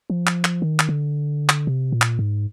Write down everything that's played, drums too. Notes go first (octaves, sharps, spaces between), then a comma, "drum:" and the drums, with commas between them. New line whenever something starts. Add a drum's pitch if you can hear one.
F3
drum: clap
drum: clap
D#3
drum: clap
D3
drum: clap
C3
A#2
drum: clap
G#2